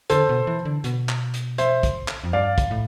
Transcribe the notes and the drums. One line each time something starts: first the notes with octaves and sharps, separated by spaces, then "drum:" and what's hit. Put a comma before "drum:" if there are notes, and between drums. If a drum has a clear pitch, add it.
D3 A4 C5, drum: hi-hat
B2
E3
D3
B2, drum: hi-hat
drum: clap
drum: hi-hat
C5 E5, drum: hi-hat
drum: kick, hi-hat
drum: clap
F2
G2 D5 F5
drum: kick, hi-hat
A2